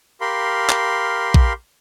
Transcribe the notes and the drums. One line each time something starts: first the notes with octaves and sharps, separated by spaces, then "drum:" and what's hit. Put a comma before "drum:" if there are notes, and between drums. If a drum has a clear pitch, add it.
G4 A#4 F5 B5 C6
drum: clap
drum: kick A#1